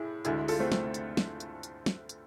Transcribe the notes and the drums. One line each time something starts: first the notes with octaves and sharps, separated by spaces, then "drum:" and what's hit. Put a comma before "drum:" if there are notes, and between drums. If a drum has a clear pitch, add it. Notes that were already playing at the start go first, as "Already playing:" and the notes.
Already playing: A2 E4 G#4
D2 D3 G#3 E4 G#4, drum: hi-hat
F4 A4, drum: open hi-hat
A3 C4
A3, drum: snare
drum: hi-hat
drum: snare
drum: hi-hat
drum: hi-hat
drum: snare
drum: hi-hat